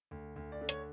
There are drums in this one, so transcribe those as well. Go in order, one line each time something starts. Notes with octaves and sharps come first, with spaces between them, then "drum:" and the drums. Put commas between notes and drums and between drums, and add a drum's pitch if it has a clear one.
D2
D2
D5
D3
C#5, drum: hi-hat